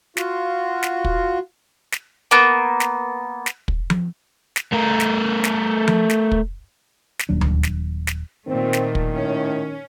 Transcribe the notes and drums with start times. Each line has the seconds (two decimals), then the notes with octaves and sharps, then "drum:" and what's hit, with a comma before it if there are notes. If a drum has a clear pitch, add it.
0.17 F4 F#4, drum: snare
0.83 drum: snare
1.04 drum: kick
1.92 drum: snare
2.31 A#3 B3
2.80 drum: snare
3.46 drum: snare
3.68 drum: kick
3.90 drum: tom F3
4.56 drum: snare
4.73 A3 A#4
5.00 drum: snare
5.44 drum: snare
5.88 drum: tom F3
6.10 drum: snare
6.31 drum: kick
7.19 drum: snare
7.29 D#1 D#2 F#3 D4
7.41 drum: tom D2
7.63 drum: snare
8.07 drum: snare
8.47 A#2 D#3 A3 C4
8.73 drum: snare
8.95 drum: kick
9.13 A2 C#4